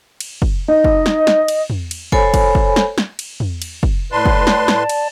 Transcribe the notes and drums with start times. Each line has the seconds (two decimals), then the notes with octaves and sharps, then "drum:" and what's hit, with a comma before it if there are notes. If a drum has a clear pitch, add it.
0.20 drum: cymbal
0.42 drum: kick
0.68 D#4 D#5
0.84 drum: kick
1.06 drum: snare
1.27 drum: snare
1.48 drum: cymbal
1.70 drum: tom
1.91 drum: cymbal
2.12 A4 C5 C#5 G#5 B5, drum: kick
2.34 drum: kick, cymbal
2.55 drum: kick
2.76 drum: snare
2.98 drum: snare
3.19 drum: cymbal
3.40 drum: tom
3.62 drum: cymbal
3.83 drum: kick
4.12 A2 B4 D5 A5 C6
4.26 drum: kick
4.47 drum: snare
4.68 drum: snare
4.89 drum: cymbal